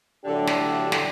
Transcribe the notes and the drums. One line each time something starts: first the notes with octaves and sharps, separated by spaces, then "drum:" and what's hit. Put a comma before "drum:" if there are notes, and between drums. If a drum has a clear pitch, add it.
A2 D3 F#3 A3 D4 G4
drum: snare
drum: snare